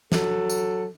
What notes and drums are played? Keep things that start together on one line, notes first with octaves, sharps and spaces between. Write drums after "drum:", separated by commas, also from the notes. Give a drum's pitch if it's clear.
F#3 A4, drum: snare
drum: tambourine